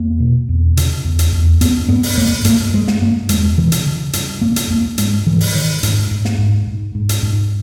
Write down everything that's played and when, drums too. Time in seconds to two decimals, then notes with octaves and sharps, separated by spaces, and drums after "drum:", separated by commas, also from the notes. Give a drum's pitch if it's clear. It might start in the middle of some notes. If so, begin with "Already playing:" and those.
Already playing: E2 A#3
0.20 B2
0.49 E2
0.77 C#3, drum: hi-hat
1.04 E2
1.19 drum: hi-hat
1.33 E2
1.61 G2 B3, drum: hi-hat
1.88 G2 B3
2.03 drum: open hi-hat
2.18 G2 A#3
2.45 G2 A#3, drum: hi-hat
2.73 G2 G#3
2.87 drum: snare
3.01 G2 A#3
3.29 E2 G#3, drum: hi-hat
3.58 C#3 E3
3.72 drum: hi-hat
3.86 C#3
4.13 G2, drum: hi-hat
4.41 G2 A#3
4.56 drum: hi-hat
4.70 G2 A#3
4.98 G#2 G#3, drum: hi-hat
5.26 G#2 E3
5.40 drum: open hi-hat
5.54 G#2 D#3
5.83 G#2, drum: hi-hat
6.11 G#2
6.25 drum: snare
6.38 G#2
6.67 G#2
6.95 G#2
7.09 drum: hi-hat
7.23 G#2